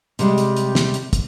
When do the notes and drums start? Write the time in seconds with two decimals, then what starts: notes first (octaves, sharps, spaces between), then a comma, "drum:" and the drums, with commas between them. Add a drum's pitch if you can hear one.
0.19 C3 G3 G#3, drum: hi-hat
0.38 drum: hi-hat
0.56 drum: hi-hat
0.75 drum: snare
0.94 drum: hi-hat
1.13 drum: kick, hi-hat